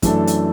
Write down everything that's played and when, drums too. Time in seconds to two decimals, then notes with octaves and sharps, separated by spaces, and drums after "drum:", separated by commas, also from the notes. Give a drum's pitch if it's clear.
0.02 F#2 E3 A3 D4 A4, drum: kick, hi-hat
0.27 drum: hi-hat